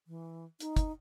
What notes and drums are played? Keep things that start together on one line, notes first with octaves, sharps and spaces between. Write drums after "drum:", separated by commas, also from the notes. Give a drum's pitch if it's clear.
E3
D#4, drum: hi-hat
drum: kick, hi-hat